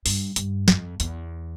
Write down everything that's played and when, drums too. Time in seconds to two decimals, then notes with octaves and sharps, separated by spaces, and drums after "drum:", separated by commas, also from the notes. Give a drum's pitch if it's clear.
0.06 G2, drum: open hi-hat
0.36 G2, drum: hi-hat
0.68 F2, drum: snare
1.00 E2, drum: hi-hat